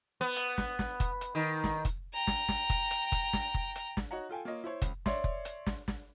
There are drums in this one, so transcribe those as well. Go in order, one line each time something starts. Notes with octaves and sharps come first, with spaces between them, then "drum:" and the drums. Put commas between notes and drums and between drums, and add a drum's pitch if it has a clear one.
B3
drum: hi-hat
drum: snare
drum: snare
drum: kick F1, hi-hat
drum: hi-hat
D#3
drum: snare
drum: kick F1, hi-hat
G5 A#5
drum: snare
drum: snare
drum: kick F1, hi-hat
drum: hi-hat
drum: kick F1, hi-hat
drum: snare
drum: kick F1
drum: hi-hat
drum: snare
D#4 F#4 C#5 F#5 A#5
F4 A4 G5 G#5
A#3 F4 C#5 D#5
E4 C5 C#5
C#2, drum: kick F1, hi-hat
C#5 D5 E5 C6, drum: snare
drum: kick F1
drum: hi-hat
drum: snare
drum: snare